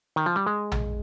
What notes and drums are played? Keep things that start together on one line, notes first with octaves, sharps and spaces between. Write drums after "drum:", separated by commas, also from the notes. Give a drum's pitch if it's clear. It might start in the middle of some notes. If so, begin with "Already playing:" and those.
D#3
F3
G3
G#3
drum: tom A#1